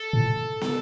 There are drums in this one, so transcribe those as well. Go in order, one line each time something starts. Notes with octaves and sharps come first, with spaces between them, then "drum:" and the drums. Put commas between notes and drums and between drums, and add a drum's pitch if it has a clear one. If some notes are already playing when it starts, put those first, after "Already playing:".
Already playing: A4
A2
drum: snare